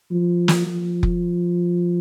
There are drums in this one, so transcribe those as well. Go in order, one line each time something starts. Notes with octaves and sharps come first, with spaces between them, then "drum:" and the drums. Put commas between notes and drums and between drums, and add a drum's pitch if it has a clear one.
F3
drum: snare
F3
drum: kick F1